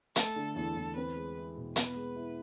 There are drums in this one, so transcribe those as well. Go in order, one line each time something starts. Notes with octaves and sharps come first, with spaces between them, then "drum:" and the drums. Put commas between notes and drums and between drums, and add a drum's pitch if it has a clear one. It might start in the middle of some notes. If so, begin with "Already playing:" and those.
A3 A4, drum: hi-hat
D3
E2 A4
E2
C4 B4
G#3
E4
B2
B3 B4, drum: hi-hat
G#3
E4